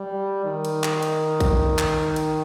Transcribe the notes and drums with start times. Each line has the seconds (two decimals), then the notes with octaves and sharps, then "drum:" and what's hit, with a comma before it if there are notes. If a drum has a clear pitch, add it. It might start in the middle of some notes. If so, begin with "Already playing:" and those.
Already playing: G3
0.45 D#3
0.65 drum: cymbal
0.84 drum: clap
1.03 drum: cymbal
1.40 drum: kick, cymbal
1.78 drum: clap
2.16 drum: cymbal